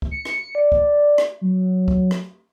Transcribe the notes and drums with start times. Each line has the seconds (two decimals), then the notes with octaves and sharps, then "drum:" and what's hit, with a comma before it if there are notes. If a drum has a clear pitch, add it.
0.02 drum: kick
0.11 C#7
0.25 drum: rim click
0.55 D5
0.72 drum: kick
1.18 drum: rim click
1.41 F#3
1.88 drum: kick
2.11 drum: rim click